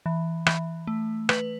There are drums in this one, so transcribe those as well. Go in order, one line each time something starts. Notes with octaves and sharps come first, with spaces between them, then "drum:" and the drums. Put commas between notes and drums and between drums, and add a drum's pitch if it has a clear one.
E3
E3, drum: rim click
A3
B4, drum: rim click